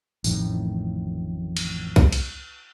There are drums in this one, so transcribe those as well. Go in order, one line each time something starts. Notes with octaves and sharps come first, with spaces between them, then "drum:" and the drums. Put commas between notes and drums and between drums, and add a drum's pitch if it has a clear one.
A1 F2 A2 D#3, drum: tambourine
drum: cymbal
drum: kick B1
drum: cymbal